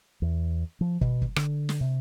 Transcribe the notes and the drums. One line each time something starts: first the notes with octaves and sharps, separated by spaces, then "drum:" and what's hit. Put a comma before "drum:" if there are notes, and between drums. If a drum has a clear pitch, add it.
E2
F3
B2, drum: kick
drum: kick
D3, drum: rim click
drum: snare
C3